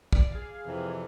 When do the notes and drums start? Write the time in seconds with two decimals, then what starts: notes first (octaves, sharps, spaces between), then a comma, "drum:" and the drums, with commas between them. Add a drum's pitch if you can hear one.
0.13 D5, drum: kick
0.32 G#4 F5
0.66 F2 C3 E3